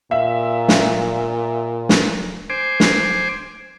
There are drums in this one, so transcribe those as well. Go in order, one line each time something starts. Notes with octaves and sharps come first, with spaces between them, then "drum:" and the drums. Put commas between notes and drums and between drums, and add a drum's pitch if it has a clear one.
A#2 E5 F5
drum: snare
drum: snare
C5 G#5 D6
drum: snare